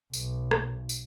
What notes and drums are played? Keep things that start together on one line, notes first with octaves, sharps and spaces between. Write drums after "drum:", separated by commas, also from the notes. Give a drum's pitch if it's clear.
B1, drum: tambourine
drum: rim click
drum: tambourine